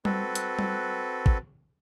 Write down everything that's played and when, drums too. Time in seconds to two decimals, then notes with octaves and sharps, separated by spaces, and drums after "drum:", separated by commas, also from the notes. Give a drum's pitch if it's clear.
0.05 C4 F#4 A4 B4, drum: tom G3
0.35 drum: hi-hat
0.59 drum: tom G3
1.26 drum: kick